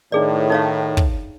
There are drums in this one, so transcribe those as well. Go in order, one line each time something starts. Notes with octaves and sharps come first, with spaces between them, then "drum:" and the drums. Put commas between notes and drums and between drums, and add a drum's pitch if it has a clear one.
A2 D#3 D4 G#4 D5
D#4 C#5 F5
drum: kick